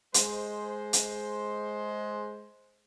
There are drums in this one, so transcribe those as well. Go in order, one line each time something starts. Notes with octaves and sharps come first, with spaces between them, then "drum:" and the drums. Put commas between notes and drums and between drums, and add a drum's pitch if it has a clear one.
G#3 C5, drum: hi-hat
drum: hi-hat